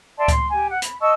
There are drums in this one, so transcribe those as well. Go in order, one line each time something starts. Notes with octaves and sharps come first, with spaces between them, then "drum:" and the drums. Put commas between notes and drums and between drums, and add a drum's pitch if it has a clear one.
D5 E5 A5 C6
C6, drum: kick C#2, hi-hat
G4 G#5
F#5
B5, drum: hi-hat
D#5 A5 C#6 E6